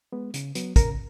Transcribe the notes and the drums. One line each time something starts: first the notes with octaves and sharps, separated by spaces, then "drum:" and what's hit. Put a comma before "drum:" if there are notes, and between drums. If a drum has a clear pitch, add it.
G#3 B3
C#3, drum: hi-hat
F#3 B3, drum: hi-hat
C#3 A#4 A#5, drum: kick, hi-hat